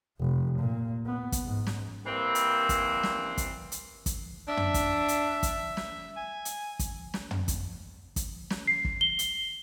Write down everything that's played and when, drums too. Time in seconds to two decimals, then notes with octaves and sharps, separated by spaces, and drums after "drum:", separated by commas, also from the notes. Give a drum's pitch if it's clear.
0.19 F1
0.59 A#2
1.06 B3
1.32 drum: kick, hi-hat
1.44 G#2
1.67 drum: snare
2.06 E3 G3 A#3 C4
2.35 drum: hi-hat
2.69 drum: kick, hi-hat
3.03 drum: snare
3.37 drum: kick, hi-hat
3.72 drum: hi-hat
4.06 drum: kick, hi-hat
4.48 D4 E5
4.57 drum: tom
4.74 drum: kick, hi-hat
5.08 drum: hi-hat
5.43 drum: kick, hi-hat
5.77 drum: snare
6.17 G#5
6.45 drum: hi-hat
6.79 drum: kick, hi-hat
7.14 drum: snare
7.31 drum: tom
7.48 drum: kick, hi-hat
8.16 drum: kick, hi-hat
8.50 drum: snare
8.67 C7
8.85 drum: kick
9.01 G7
9.19 drum: hi-hat